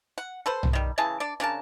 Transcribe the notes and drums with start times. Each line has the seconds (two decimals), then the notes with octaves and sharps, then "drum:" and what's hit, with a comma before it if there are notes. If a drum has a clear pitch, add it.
0.18 F#5
0.46 A4 B4 C5
0.63 drum: tom
0.73 D#3 G3
0.98 C#3 E3 G#4 A5
1.20 D4 D5
1.40 C#3 D4 A#4 A5